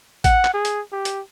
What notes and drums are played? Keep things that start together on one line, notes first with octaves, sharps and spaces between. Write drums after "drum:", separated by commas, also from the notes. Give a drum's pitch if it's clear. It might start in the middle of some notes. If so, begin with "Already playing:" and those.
F#5, drum: kick A1, hi-hat
drum: clap
G#4
drum: hi-hat
G4
drum: hi-hat